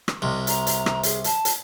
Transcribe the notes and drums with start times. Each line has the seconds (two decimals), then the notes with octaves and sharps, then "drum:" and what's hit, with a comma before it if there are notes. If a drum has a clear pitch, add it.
0.08 drum: rim click
0.22 C2 C3 D#5
0.47 A#5, drum: hi-hat
0.67 drum: hi-hat
0.86 drum: rim click
1.03 G#4, drum: hi-hat
1.24 A5, drum: hi-hat
1.45 drum: hi-hat